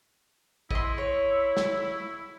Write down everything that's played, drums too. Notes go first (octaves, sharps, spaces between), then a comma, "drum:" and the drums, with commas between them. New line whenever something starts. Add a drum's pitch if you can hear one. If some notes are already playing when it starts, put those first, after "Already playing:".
E4 D#5 C6, drum: kick A1
C#5
drum: snare